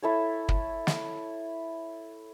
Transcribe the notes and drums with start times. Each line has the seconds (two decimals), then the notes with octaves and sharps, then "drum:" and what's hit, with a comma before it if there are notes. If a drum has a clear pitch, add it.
0.03 E4 A4 C#5
0.49 drum: kick
0.87 drum: snare